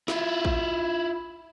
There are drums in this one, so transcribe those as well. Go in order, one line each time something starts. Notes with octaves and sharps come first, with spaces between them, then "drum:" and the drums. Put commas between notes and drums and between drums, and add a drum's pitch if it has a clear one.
E4 F4, drum: snare
drum: kick A1